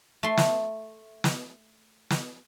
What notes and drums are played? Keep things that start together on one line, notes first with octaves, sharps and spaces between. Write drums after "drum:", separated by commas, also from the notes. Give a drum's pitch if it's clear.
A3 C6
drum: snare
drum: snare
drum: snare